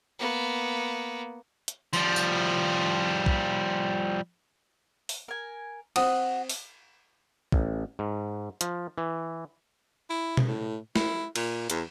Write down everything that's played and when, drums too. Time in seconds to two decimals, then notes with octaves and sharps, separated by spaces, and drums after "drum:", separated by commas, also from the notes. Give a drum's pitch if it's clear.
0.19 A#3 B3
1.68 drum: hi-hat
1.93 F3 G3, drum: tambourine
2.16 drum: tambourine
3.26 drum: kick
5.09 drum: open hi-hat
5.28 A#4 G#5
5.96 C4 F#4 D#6, drum: cymbal
6.50 drum: open hi-hat
7.52 A1, drum: kick
7.99 G#2
8.61 F3, drum: hi-hat
8.98 E3
10.10 E4
10.37 drum: tom
10.47 A2
10.96 E4, drum: snare
11.36 A#2, drum: cymbal
11.70 E2, drum: hi-hat